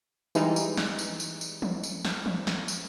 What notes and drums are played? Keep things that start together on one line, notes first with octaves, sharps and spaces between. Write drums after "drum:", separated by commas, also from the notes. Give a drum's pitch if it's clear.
E3 G3 G#3 D#4, drum: tambourine
drum: tambourine
drum: snare
drum: tambourine
drum: tambourine
drum: tambourine
drum: tom E3
drum: tambourine
drum: snare
drum: tom E3
drum: snare
drum: tambourine